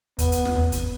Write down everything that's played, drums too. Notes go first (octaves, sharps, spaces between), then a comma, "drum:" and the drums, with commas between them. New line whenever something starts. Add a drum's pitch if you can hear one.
E2 B3, drum: kick, hi-hat
drum: hi-hat
drum: snare
E2
drum: kick, hi-hat